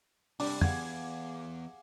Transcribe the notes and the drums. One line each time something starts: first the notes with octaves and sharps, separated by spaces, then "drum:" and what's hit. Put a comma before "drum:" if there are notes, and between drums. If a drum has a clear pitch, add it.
C2 G3 D4 D6, drum: open hi-hat
E2 G#4 F5 F#5 G#6, drum: tom F2